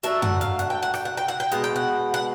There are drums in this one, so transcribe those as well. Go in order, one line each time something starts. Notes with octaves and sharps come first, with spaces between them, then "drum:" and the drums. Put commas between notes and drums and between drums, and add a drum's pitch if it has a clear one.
F#3 A3 D4 E5, drum: hi-hat
F#5, drum: tom F#2
F5, drum: hi-hat
F#5, drum: hi-hat
G5
F#5
G5, drum: rim click
F#5
G5
F#5
G5
B2 G#3 F#5, drum: hi-hat
G5
F#5
F#5